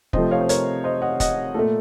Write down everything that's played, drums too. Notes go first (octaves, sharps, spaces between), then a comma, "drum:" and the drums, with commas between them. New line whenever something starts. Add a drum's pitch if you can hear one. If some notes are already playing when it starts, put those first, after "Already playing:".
C3 F3 A3 C5 D#5, drum: kick
C#5 F5
C5
A#4 C#5, drum: hi-hat
C5 D#5
D#5 F#5
D#5 F#5, drum: kick, hi-hat
A#2 A3 A4